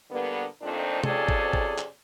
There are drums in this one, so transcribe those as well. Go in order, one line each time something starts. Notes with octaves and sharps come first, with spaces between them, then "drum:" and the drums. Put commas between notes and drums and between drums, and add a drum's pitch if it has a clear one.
D3 G3 A#3 B3
F2 A#2 A3 C4 D4 D#4
F2 C3 C#4 G#4 A4 D5, drum: tom C3
drum: kick
drum: kick
drum: clap